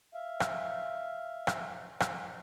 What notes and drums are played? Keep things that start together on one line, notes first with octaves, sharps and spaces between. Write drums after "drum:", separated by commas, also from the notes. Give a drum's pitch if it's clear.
E5 F5
drum: rim click
drum: rim click
drum: rim click